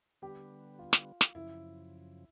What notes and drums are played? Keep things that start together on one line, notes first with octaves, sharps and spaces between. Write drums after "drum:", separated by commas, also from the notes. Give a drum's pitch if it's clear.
D3 G3 B3 G4
F4
drum: snare
drum: snare
F#2 C#3 F3 E4